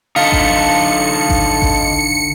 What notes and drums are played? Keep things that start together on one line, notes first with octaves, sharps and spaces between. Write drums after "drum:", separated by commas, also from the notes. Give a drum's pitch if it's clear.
D3 D#4 F4 A4 F5 C#7
drum: kick G#1
drum: kick G#1
drum: kick G#1